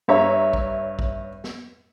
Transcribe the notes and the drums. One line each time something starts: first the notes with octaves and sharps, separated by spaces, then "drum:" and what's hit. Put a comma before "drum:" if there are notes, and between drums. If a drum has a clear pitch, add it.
G2 C#5 E5 A#5
drum: kick
drum: kick
drum: snare